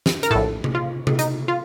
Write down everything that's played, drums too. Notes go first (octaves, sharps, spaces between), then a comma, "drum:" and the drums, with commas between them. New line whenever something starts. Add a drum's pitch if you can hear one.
drum: snare
A#4, drum: hi-hat
A#1 A2 A4
drum: tom C3
F4
drum: tom C3
D#4, drum: hi-hat
F4